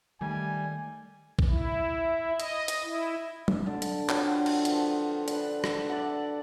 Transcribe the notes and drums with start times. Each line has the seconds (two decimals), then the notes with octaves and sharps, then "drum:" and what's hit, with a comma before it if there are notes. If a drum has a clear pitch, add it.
0.21 D#3 G3 A3 G#5
1.39 drum: kick A#1
1.49 E4
2.40 D#5, drum: hi-hat
2.68 drum: hi-hat
2.84 E4
3.48 drum: tom F#3
3.66 D3 A5
3.82 drum: hi-hat
4.09 D3 F#3 C4 F4, drum: clap
4.46 drum: cymbal
4.65 F3 B4, drum: hi-hat
5.28 D4 B4, drum: hi-hat
5.64 drum: rim click
5.90 D5 E5 F#5